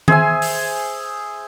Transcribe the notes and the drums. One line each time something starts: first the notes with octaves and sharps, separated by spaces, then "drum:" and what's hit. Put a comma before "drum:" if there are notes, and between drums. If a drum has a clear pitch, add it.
G#4 C5 E5 G#5, drum: tom D#3
drum: open hi-hat